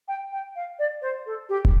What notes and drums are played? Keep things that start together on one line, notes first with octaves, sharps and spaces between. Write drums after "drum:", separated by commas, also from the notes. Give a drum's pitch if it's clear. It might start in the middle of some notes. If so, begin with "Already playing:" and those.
G5
G5
F5
D5
C5
A4
G4
drum: kick